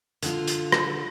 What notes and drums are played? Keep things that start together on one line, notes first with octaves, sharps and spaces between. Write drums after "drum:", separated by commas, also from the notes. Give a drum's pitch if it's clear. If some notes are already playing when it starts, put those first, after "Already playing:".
D3 F4, drum: hi-hat
drum: hi-hat
drum: rim click